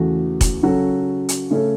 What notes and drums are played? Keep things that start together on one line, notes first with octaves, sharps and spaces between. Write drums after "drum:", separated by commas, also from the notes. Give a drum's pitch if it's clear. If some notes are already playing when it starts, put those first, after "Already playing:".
Already playing: E2 C#3 E3 A3 F#4
drum: kick F1, hi-hat
C#3 F#3 C#4 F#4 A4
drum: hi-hat
C#3 A3 C#4 A4